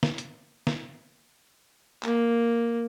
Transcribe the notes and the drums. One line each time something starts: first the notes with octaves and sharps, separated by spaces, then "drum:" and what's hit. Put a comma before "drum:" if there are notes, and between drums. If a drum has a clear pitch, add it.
drum: snare
drum: hi-hat
drum: snare
A#3, drum: clap